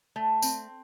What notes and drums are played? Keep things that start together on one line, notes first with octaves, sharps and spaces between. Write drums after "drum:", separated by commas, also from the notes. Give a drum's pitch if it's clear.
A3
C4, drum: tambourine